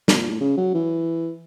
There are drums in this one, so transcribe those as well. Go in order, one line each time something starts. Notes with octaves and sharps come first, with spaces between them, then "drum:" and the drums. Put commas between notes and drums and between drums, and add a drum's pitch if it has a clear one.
B2, drum: snare
A#2
A2
C#3
F#3
E3